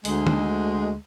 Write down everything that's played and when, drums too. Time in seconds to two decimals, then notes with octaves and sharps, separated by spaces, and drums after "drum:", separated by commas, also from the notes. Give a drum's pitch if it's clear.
0.05 D2 G#3, drum: open hi-hat
0.27 drum: tom